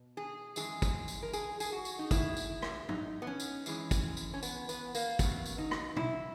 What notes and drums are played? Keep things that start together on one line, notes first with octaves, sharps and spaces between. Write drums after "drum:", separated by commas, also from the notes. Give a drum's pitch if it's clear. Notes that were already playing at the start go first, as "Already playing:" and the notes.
Already playing: B2
G#4
F#2 E3 G#3 G#4, drum: tambourine
drum: kick, tambourine
drum: tambourine
A#4
G#4, drum: tambourine
G#4, drum: tambourine
F#4
drum: tambourine
D#4
F#2 D#3 G#3 E4, drum: kick, tambourine
drum: tambourine
drum: rim click
D#4, drum: tom
B3
C#4
drum: tambourine
F#2 E3 G#3, drum: tambourine
drum: kick, tambourine
drum: tambourine
C#4
B3, drum: tambourine
B3, drum: tambourine
A#3, drum: tambourine
E2 C#3 F#3 B3, drum: kick, tambourine
drum: tambourine
D#4
drum: rim click
E4, drum: tom